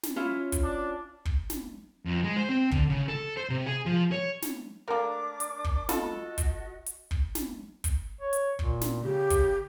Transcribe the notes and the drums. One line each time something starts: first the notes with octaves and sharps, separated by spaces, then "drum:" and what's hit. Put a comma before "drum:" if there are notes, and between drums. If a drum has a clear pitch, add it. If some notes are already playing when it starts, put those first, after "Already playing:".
drum: snare
C#4 E4 F4
drum: kick, hi-hat
D4
drum: kick
drum: snare
F2
G#3
C5
C4
D3, drum: kick
C#3
A4
C5
C3
G#4
F3
C#5
drum: snare
A3 A#3 D4 A#4 D6
drum: hi-hat
drum: kick
F4 F#4 A4 D#5 B5, drum: snare
drum: kick, hi-hat
drum: hi-hat
drum: kick
drum: snare
drum: kick, hi-hat
C#5
drum: hi-hat
A#2, drum: kick
drum: snare
C#3 G4
drum: kick, hi-hat